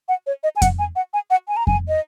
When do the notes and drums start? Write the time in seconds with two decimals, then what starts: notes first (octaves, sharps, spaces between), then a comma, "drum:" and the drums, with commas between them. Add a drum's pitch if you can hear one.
0.08 F#5
0.27 C#5
0.44 D#5
0.56 G#5
0.62 F#5, drum: kick F2, hi-hat
0.79 G#5
0.96 F#5
1.13 G#5
1.30 F#5
1.48 G#5
1.57 A#5
1.67 G#5, drum: kick F2
1.88 D#5